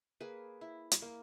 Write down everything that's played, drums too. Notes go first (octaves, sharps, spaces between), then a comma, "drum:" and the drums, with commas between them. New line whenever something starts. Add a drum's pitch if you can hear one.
A#3 G#4 B4
E4
drum: hi-hat
A#3